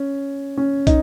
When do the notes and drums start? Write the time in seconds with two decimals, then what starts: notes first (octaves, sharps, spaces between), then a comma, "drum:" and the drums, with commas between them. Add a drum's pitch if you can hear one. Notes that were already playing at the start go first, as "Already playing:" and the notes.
Already playing: C#4
0.57 C#4
0.87 D#4, drum: kick, hi-hat